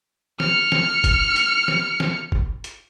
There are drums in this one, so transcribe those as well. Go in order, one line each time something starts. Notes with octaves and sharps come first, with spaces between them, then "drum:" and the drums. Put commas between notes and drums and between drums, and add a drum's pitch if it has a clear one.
F6 C#7, drum: snare
drum: snare
drum: kick, hi-hat
drum: hi-hat
drum: snare
drum: snare
drum: kick
drum: hi-hat